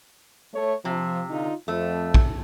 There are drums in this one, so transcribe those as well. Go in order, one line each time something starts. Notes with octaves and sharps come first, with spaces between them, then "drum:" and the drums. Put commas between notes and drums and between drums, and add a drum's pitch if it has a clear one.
A3 C#5
C3 F3
D3 D#4 F4
F2 A3
drum: kick A#1